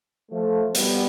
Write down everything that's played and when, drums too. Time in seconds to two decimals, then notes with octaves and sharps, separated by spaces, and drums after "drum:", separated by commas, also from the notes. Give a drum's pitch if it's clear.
0.31 F3 A3
0.75 G3 B3, drum: hi-hat